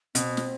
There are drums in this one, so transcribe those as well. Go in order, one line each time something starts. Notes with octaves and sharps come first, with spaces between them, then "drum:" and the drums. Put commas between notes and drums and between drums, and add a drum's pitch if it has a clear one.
B2 C4, drum: hi-hat
drum: snare